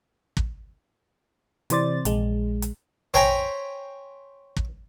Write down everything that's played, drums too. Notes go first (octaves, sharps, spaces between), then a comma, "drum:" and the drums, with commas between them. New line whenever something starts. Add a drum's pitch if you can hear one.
drum: kick
C3 E3 C5 D5 A6, drum: hi-hat
A#1 G#3, drum: hi-hat
drum: hi-hat
C5 C#5 G5 G#5 A#5 B5, drum: tom A#1
drum: kick